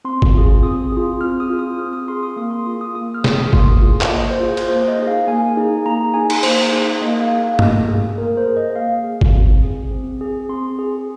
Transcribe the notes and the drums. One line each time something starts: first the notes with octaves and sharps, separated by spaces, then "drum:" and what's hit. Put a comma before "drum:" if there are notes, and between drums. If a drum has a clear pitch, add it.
C4 C6
drum: kick G#1
F4 G#4
C4 D#6
F4 G#4
C4 F6
D#6
F4 G#4
D#6
C4 F6
D#6
F4 G#4 C6
D#6
A#3 D#6
C6
F4 G#4 D#6
D#6
A#3 D#6
F6
F4 G#4, drum: snare
D#6
A#3 C6, drum: kick G#1
F4 G#4
drum: clap
A#3 D#5
C5
F4 G#4
drum: cymbal
A#3 C5
D#5
D#4 G#4
F5
A#3 G#5
D#4 G#4
A#3 A#5
D#4 G#4 G#5
drum: cymbal
A#3 C5, drum: open hi-hat
D#4 G#4
A#3 D#5
F5
G#4
F5
A#3 D#5, drum: tom G2
G#4
A#3 A#4
C5
G#4
D#5
A#3 F5
G#4
drum: kick G#1
C4
G#4
C4
G#4
C4 C6
G#4